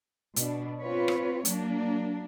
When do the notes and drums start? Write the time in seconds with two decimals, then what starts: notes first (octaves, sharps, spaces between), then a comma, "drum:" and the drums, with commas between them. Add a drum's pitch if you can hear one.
0.36 B2 D4, drum: hi-hat
0.80 C4 F4 B4 C#5
1.08 drum: rim click
1.45 F#3 A#3 D4, drum: hi-hat